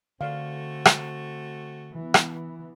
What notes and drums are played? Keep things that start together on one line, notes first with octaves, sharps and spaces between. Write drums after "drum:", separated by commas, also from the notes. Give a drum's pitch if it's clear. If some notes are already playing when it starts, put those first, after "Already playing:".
D3 A3 C4 F#4 D5 F5
drum: rim click
E3 B3
drum: rim click